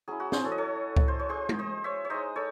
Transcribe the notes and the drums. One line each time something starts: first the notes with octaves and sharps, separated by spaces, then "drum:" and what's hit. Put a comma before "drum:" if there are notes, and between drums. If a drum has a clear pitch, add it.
F#3 C#4 E4 G#4
F#4
G#4 C5, drum: snare
A4 C#5
D#5
A4 C#5
drum: kick C#2
C5
C#5
G#4 C5
drum: tom G#3
C5 D#5
C#5 E5
C#5
G#3 D#4 C5 D#5
A4 C#5